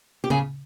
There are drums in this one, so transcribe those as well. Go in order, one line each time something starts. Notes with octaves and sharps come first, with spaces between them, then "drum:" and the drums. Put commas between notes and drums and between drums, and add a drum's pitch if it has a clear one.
G4
C#3 G#4, drum: tom C#3